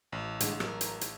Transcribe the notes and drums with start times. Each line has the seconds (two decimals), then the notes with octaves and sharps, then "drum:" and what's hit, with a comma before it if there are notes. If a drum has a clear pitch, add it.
0.12 A1
0.40 D3 G#3 A3, drum: hi-hat
0.60 F#3 A#4, drum: rim click
0.81 drum: hi-hat
1.01 drum: hi-hat